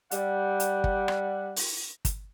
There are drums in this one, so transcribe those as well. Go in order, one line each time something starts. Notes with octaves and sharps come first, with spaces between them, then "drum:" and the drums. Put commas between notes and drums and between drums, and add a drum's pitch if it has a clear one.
G3 F#5, drum: hi-hat
drum: hi-hat
drum: kick
drum: rim click
drum: open hi-hat
drum: kick, hi-hat